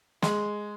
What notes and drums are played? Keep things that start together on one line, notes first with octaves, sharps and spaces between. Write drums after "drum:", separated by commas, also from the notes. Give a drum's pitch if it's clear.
G#3, drum: snare